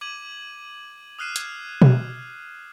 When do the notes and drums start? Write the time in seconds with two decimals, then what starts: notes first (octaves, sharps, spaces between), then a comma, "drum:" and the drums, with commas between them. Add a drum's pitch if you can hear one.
0.01 D6 G#6 D#7 F#7
1.19 D#6 F6 F#6 C7 D#7 E7
1.36 G#6, drum: hi-hat
1.82 drum: tom B2